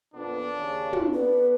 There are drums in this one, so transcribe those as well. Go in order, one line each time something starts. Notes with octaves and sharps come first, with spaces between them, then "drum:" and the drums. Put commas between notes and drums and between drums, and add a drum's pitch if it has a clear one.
F2 A#2 B3 D4
D#2 C#3
drum: tom
B3 A4 B4 D5